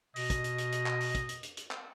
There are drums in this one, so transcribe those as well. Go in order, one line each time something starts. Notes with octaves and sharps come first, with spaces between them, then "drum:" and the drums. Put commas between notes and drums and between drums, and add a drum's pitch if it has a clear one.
B2 D#5, drum: open hi-hat
drum: kick, hi-hat
drum: hi-hat
drum: hi-hat
drum: hi-hat
drum: clap
drum: open hi-hat
drum: kick, hi-hat
drum: hi-hat
drum: hi-hat
drum: hi-hat
drum: clap